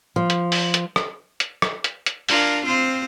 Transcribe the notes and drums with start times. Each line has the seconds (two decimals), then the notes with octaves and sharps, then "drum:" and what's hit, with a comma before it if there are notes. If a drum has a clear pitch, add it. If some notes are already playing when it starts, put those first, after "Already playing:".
0.16 F3
0.30 drum: hi-hat
0.52 drum: open hi-hat
0.74 drum: hi-hat
0.96 drum: rim click
1.40 drum: hi-hat
1.62 drum: rim click
1.84 drum: hi-hat
2.06 drum: hi-hat
2.29 D4 F4 A#4, drum: open hi-hat
2.65 C4 F4 C5